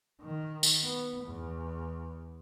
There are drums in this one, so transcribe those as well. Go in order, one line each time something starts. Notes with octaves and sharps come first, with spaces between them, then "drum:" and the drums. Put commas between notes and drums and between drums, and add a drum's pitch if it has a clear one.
D#3
drum: tambourine
B3
E2